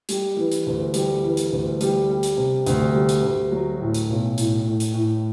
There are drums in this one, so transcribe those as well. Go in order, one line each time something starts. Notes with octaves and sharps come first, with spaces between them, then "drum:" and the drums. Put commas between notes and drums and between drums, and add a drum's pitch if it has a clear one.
G3, drum: hi-hat
E3
drum: hi-hat
D2
G3, drum: hi-hat
E3
drum: hi-hat
D2
G3, drum: hi-hat
G3
drum: hi-hat
C3
D2, drum: hi-hat
G3
drum: hi-hat
D2
F#3
A2
drum: hi-hat
B1
A2, drum: hi-hat
A2
drum: hi-hat
A2